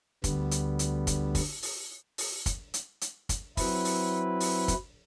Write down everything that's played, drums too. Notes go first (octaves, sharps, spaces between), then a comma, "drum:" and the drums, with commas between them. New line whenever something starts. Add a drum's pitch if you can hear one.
D2 D3 G3 B3, drum: kick, hi-hat
drum: hi-hat
drum: hi-hat
drum: kick, hi-hat
drum: kick, open hi-hat
drum: open hi-hat
drum: open hi-hat
drum: kick, hi-hat
drum: hi-hat
drum: hi-hat
drum: kick, hi-hat
F#3 C4 E4 B4, drum: kick, open hi-hat
drum: open hi-hat
drum: open hi-hat
drum: kick, hi-hat